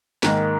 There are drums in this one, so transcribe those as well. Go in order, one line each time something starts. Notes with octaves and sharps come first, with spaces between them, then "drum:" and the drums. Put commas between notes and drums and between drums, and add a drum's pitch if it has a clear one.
G#2 D#3 A#3 D#4, drum: snare